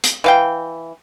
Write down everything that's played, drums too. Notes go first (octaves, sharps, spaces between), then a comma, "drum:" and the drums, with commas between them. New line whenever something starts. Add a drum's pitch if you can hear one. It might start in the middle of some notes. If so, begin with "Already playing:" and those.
drum: hi-hat
E3 F5 G5